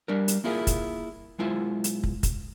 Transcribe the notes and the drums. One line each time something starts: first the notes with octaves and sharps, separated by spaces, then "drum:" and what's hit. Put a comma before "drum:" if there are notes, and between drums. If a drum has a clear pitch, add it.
G3 D4 A#4
drum: hi-hat
A#3 E4 F4 G#4 A#4
drum: kick, hi-hat
B1 G#3 E4 F4 C5
drum: hi-hat
drum: kick
drum: kick, hi-hat